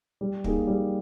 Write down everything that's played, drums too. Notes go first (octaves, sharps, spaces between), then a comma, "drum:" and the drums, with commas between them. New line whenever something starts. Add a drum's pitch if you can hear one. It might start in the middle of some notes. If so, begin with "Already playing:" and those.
G3
A#3 D#4 G#4, drum: kick
G3